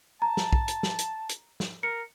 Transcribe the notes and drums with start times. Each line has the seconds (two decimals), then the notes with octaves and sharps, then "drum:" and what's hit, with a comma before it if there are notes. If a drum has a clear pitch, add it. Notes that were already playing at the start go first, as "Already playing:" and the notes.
0.22 A5 A#5
0.37 drum: snare
0.53 drum: kick
0.68 drum: hi-hat
0.83 drum: snare
0.99 drum: hi-hat
1.29 drum: hi-hat
1.60 drum: snare
1.83 A#4 C#7